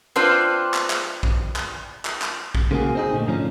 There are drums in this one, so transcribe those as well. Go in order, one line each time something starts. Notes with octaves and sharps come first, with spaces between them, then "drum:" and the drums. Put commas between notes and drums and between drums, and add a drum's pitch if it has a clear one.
C4 D4 F4 B4 C5
drum: clap
drum: clap
drum: kick A#1
drum: clap
drum: clap
drum: clap
drum: kick A#1
C#3 G#3 A#3 F4 F#4 G#4
C4 D#4 G#4
A#2 D3 A3
D2 G#2 D3 F3 C#4 D#4